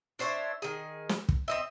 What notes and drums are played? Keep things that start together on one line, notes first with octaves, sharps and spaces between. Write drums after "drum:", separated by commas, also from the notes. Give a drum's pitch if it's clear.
D4 C5 C#5 E5
D#3 G#4
drum: snare
drum: kick
C4 D#5 E5